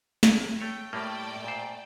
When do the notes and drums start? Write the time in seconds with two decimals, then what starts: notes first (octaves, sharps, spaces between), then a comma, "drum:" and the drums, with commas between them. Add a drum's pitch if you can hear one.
0.23 E4, drum: snare
0.61 A3 C#5 G5
0.93 A2 G3 A3 A#3 D5 G5
1.44 A#2 C5